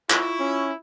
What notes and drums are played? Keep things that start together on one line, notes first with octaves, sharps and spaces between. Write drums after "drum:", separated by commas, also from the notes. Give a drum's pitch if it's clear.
E4 F4 C#6, drum: clap
C#4